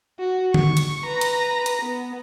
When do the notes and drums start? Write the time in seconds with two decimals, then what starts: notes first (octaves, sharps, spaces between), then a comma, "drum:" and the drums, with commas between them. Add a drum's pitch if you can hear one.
0.19 F#4
0.54 C#6, drum: tom D3
0.77 drum: hi-hat
1.05 B4 A#5
1.21 drum: hi-hat
1.66 drum: hi-hat
1.82 B3